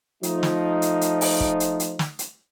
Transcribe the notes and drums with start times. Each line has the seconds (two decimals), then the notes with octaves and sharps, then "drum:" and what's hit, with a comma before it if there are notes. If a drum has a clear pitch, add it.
0.23 F3 A3 D#4, drum: hi-hat
0.43 drum: snare
0.82 drum: hi-hat
1.01 drum: hi-hat
1.21 drum: open hi-hat
1.41 drum: kick
1.60 drum: hi-hat
1.80 drum: hi-hat
1.99 drum: snare
2.19 drum: hi-hat